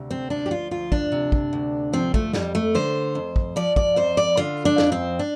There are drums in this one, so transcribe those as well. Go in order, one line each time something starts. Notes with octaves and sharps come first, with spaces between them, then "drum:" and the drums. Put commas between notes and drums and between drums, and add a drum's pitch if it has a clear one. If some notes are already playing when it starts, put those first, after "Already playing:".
Already playing: D2 C3
C4
F3 D4
G4
F4
D2 F4
D4, drum: kick
C3
drum: kick
D2
F3 C4
A3, drum: kick
F2 G3, drum: snare
A3
D3 C5
F2
drum: kick
F3 D5
D5, drum: kick
F2 C5
D5
D3 F4
D4
F2, drum: snare
C4
D4